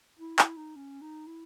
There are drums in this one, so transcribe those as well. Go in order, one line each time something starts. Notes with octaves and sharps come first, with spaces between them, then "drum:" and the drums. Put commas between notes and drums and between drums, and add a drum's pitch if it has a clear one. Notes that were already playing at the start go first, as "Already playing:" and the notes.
E4
E4, drum: clap
D#4
C#4
D#4
E4